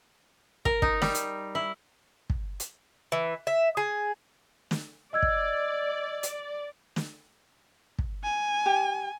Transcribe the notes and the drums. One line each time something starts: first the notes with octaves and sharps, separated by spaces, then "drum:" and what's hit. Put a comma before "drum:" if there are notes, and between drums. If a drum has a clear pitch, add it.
A#4, drum: kick
D#4, drum: kick
G3, drum: snare
drum: hi-hat
E4
drum: kick
drum: hi-hat
E3
E5
G#4
drum: snare
D5 D#5 E6 G#6
drum: kick
drum: hi-hat
drum: snare
drum: kick
G#5
G4